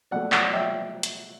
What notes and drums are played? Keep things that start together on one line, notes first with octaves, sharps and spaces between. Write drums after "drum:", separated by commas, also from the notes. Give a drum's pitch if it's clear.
B2 A3 D5 F#5
D5 F#5, drum: clap
E5 G5
drum: hi-hat